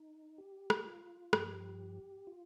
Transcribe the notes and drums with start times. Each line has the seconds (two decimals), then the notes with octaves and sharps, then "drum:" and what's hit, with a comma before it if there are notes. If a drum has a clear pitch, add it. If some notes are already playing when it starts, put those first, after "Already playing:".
Already playing: D#4
0.38 G4
0.70 drum: rim click
0.86 F4
1.33 G2 F3 G4, drum: rim click
2.27 F4